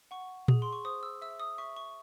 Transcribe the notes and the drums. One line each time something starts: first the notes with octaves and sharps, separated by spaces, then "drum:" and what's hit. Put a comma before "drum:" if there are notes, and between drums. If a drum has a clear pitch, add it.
F#5 C#6
G#4, drum: tom A#2
C6
C#6
C5 D#6
E6
E5 E6
D#6
E5 C#6
C#6